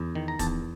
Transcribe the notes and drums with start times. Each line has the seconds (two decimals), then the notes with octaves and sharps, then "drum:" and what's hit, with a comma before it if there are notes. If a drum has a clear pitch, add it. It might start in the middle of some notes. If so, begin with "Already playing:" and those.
Already playing: E2
0.15 D#3
0.28 A#5
0.39 E2 A5, drum: kick, hi-hat